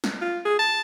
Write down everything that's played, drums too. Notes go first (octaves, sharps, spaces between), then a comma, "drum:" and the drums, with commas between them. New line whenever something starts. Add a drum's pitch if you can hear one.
drum: snare
F4
G#4
A5